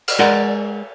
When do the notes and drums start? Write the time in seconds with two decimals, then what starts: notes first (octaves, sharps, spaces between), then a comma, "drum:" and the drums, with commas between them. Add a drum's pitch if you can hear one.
0.07 drum: cymbal
0.19 G#3 A#4 D5 F#5